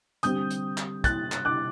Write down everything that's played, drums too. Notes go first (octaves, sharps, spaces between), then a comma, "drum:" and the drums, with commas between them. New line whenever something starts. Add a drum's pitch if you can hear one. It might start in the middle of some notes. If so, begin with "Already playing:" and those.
D3 G3 C4 D#6 G6, drum: hi-hat
drum: hi-hat
drum: clap
F#6 A6, drum: kick, hi-hat
drum: clap
D6 F#6